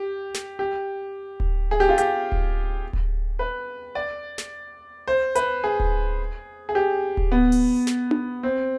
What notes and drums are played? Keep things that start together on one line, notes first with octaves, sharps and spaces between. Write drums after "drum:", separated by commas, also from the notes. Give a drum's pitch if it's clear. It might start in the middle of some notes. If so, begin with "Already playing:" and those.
Already playing: G4
drum: snare
G4
drum: kick D1
G#4
G4
F4
G4, drum: hi-hat
drum: kick D1
drum: kick D1
B4
D5
drum: snare
C5
B4, drum: hi-hat
G#4
drum: kick D1
G#4
G4
drum: kick D1
B3
drum: open hi-hat
drum: snare
drum: tom D4
C4